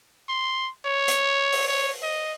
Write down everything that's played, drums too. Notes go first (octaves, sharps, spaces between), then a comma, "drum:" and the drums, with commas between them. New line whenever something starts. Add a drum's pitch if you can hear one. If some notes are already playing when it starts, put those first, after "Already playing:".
C6
C#5
drum: hi-hat
drum: open hi-hat
C#5
D#5